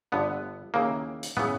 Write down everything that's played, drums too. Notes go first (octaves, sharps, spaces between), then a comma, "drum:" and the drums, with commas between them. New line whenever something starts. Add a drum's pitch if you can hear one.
G1 G2 D3 B3
D#2 C#3 E3 A#3
drum: hi-hat
C#3 E3 B3, drum: tom